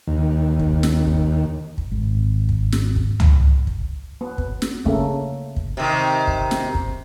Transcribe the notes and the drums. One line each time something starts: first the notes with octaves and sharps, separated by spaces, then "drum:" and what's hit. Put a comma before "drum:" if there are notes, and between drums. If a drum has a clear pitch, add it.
D#2
drum: kick
drum: snare
drum: kick
drum: kick
G#1
drum: kick
drum: snare
drum: kick
drum: tom C#2
drum: kick
B3
drum: kick
drum: snare
C#3 A3 A#3, drum: kick
drum: kick
C3 D#3
drum: kick
drum: snare
drum: kick